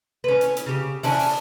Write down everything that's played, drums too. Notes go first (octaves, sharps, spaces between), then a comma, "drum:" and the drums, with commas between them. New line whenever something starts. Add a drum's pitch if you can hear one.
C#4 B4
drum: hi-hat
drum: hi-hat
C#3 G4
C#4 D4 E4, drum: open hi-hat
drum: open hi-hat